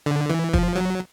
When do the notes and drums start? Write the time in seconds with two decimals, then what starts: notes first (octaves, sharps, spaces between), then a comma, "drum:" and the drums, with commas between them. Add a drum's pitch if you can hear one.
0.06 D3
0.29 E3
0.54 F3, drum: kick
0.76 F#3